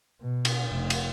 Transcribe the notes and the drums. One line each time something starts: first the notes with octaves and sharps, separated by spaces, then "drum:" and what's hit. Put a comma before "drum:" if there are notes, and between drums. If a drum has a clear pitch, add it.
B2
drum: cymbal
F1
drum: cymbal